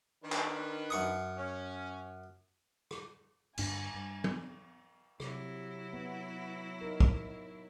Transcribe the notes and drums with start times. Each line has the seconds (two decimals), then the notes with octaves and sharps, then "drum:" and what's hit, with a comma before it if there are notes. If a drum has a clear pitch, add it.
0.23 D#3 D4 B4
0.32 drum: clap
0.90 F#2 C#6 D#6
1.36 C#4
2.91 drum: rim click
3.58 D2 G2 D4 G#5, drum: cymbal
3.94 G2
4.24 drum: tom F3
5.20 C3 F#3 E4, drum: rim click
5.93 B3
6.81 D#4 A#4
7.00 drum: kick